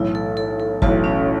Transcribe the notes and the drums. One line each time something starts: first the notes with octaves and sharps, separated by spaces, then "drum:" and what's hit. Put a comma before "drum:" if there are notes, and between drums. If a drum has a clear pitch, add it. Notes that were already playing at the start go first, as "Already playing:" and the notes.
Already playing: B1 A2 E3 E4
A4
A4
A4
B1 A2 E3 F#4, drum: kick
C#4